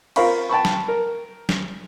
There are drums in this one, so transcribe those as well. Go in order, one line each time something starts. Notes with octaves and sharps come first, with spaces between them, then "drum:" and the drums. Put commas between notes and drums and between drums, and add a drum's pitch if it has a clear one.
F4 A#4 C5 F5 B5 C#6, drum: cymbal
G5 A5 B5 C#6
drum: snare
A#4
drum: snare